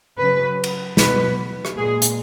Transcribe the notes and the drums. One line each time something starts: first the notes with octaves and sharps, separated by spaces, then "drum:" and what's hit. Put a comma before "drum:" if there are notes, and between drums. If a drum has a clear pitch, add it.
C#3 F#3 B4
drum: cymbal
B2 F#3 B4, drum: snare
drum: rim click
A#2 G#3 G#4
drum: hi-hat